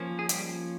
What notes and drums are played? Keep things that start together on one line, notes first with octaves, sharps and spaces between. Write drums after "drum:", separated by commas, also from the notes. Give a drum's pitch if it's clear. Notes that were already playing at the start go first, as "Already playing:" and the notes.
Already playing: F3 A#3 C#4
G#4
G3 G4, drum: hi-hat